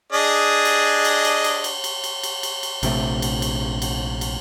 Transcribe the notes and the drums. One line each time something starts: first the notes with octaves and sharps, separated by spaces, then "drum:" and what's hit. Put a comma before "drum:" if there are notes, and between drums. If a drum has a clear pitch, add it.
D4 G#4 D#5
drum: cymbal
drum: cymbal
drum: cymbal
drum: cymbal
drum: cymbal
drum: cymbal
drum: cymbal
drum: cymbal
drum: cymbal
drum: cymbal
A#1 C3 A3, drum: cymbal
drum: cymbal
drum: cymbal
drum: cymbal
drum: cymbal